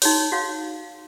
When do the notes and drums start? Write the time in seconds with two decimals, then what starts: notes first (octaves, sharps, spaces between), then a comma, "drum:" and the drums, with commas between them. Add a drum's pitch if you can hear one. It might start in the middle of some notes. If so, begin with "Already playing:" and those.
0.02 D#4 F#4 C#5, drum: open hi-hat
0.32 F#4 C#5 F5